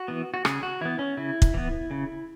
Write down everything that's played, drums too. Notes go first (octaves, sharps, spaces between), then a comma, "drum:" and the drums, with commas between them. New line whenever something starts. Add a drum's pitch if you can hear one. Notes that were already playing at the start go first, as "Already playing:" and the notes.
Already playing: F#4
E3 B3
F#4
C#3 G#4, drum: rim click
F#4
E3 B3 E4
C#4
C#3 E4
drum: kick
E3 B3
C#3